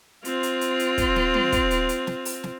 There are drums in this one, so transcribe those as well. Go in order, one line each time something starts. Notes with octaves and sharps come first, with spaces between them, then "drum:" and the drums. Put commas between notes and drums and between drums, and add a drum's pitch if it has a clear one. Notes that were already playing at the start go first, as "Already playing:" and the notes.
C4 F4, drum: hi-hat
drum: hi-hat
drum: hi-hat
drum: hi-hat
drum: kick, hi-hat
drum: snare
drum: tom
drum: kick, hi-hat
drum: hi-hat
drum: hi-hat
drum: snare
drum: open hi-hat
drum: snare